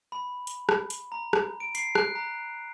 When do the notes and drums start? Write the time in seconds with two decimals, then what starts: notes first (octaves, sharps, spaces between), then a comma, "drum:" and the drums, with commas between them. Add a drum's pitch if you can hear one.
0.12 B5
0.47 drum: hi-hat
0.69 drum: rim click
0.90 drum: hi-hat
1.12 A#5
1.33 drum: rim click
1.60 D7
1.75 C7, drum: hi-hat
1.95 F#6, drum: rim click
2.15 A#5